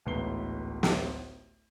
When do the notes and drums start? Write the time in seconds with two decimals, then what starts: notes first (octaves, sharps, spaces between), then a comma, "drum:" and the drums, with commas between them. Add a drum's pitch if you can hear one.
0.05 D1 A1 G#2 B3 C7 G7
0.83 drum: snare